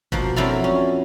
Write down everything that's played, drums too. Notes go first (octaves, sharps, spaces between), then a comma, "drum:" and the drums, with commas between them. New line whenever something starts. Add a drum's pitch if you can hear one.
B2 F3 A#3, drum: kick G1
F2 F#3 E4 D5 F5
C#4